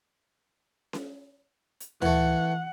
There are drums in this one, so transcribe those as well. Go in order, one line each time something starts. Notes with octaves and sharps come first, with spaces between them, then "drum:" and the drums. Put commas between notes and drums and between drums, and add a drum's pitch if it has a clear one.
drum: snare C#4
drum: hi-hat
E3 A3 F#5, drum: tom D2